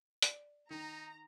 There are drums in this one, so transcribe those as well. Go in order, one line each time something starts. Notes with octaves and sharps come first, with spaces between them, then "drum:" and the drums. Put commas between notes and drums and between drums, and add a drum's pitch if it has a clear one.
D5, drum: hi-hat
D#3 D#4 A#5